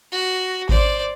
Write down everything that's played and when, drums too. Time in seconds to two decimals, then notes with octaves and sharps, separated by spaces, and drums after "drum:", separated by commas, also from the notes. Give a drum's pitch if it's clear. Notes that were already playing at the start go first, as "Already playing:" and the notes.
0.12 F#4
0.69 C5 D5, drum: kick G#1